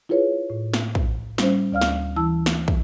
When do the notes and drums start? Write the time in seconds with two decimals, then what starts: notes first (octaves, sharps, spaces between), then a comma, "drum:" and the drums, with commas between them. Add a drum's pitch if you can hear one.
0.09 E4 F4 G#4 B4 C#5
0.50 A2
0.74 drum: snare
0.95 drum: kick
1.38 G3 C#4 C5, drum: snare
1.72 D2 D5 F5 F6
1.81 drum: snare
2.16 E3 E4 A5 E6
2.46 drum: snare
2.68 drum: kick